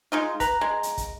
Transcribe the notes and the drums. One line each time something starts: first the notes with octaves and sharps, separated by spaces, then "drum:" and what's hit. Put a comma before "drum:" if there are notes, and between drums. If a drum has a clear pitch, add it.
G#3 D#4 F4
B4 A#5, drum: kick, hi-hat
G#3
drum: hi-hat
drum: kick, hi-hat